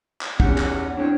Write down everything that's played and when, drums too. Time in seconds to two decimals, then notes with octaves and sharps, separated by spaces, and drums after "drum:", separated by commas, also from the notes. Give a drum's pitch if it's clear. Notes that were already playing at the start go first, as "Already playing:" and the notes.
0.21 drum: clap
0.40 E2 C#4 D#4 G4 F#5, drum: kick
0.58 drum: clap
0.97 C4 D4 E4 C#5 G5